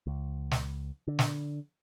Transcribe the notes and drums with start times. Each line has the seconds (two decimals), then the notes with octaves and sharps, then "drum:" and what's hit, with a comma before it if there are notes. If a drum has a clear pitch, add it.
0.07 C#2
0.51 drum: snare
1.08 D3
1.19 drum: snare